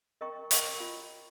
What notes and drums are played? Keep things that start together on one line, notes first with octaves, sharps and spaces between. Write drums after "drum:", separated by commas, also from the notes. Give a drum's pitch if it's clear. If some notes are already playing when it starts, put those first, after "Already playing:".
A#4 D#5 G5 A#5 C#6
A#4 D#5 G5 A#5 C#6, drum: hi-hat
F4